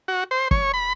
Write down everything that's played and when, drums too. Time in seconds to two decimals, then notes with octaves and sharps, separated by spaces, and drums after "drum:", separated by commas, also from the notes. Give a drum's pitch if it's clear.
0.08 F#4
0.31 C5
0.51 C#5, drum: kick
0.74 B5